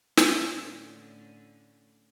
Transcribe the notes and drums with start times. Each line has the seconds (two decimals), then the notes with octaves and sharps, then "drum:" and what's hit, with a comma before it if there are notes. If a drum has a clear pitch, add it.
0.17 A2 D3 C#4, drum: snare